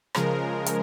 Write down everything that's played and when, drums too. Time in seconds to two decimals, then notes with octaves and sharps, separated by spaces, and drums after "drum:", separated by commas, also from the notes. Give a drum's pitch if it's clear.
0.15 C#3 F3 G#3 A#4, drum: rim click
0.66 drum: hi-hat